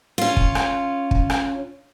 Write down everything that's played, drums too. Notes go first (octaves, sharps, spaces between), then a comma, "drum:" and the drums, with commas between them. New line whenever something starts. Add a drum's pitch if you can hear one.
C#4 F4
drum: kick
drum: rim click
drum: kick
drum: rim click